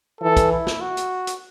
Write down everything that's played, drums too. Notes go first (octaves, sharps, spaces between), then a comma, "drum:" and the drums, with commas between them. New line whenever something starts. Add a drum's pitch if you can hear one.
E3 A4
drum: kick, hi-hat
E4
drum: snare
F#4
drum: hi-hat
drum: hi-hat